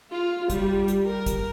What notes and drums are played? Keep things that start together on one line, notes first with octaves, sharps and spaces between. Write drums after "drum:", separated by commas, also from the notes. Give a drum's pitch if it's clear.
F4
G3, drum: kick, hi-hat
drum: hi-hat
A#4
drum: kick, hi-hat